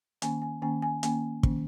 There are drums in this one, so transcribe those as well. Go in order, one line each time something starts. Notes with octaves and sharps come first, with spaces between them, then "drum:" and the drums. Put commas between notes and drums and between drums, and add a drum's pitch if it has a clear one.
D#3 A#3 C#4 G#5, drum: hi-hat
G#5
D#3 A#3 C#4 G#5
G#5
D#3 A#3 C#4 G#5, drum: hi-hat
D#3 A#3 C#4, drum: kick